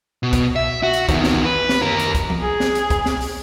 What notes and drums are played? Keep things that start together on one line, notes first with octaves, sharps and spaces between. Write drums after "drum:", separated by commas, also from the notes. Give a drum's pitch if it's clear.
B2
drum: kick, hi-hat
E5
F#4
drum: hi-hat
E2 D#3, drum: kick, hi-hat
drum: snare
B4
drum: snare
D#2 A#4, drum: tom F#2
drum: hi-hat
drum: kick, hi-hat
drum: tom E3
G#4
drum: snare
drum: hi-hat
drum: kick, hi-hat
drum: snare
drum: open hi-hat